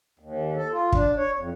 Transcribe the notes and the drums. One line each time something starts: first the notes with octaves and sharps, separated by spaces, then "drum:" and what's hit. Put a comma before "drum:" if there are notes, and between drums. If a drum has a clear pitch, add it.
D#2
A4
F4
D4, drum: kick
C#5
F2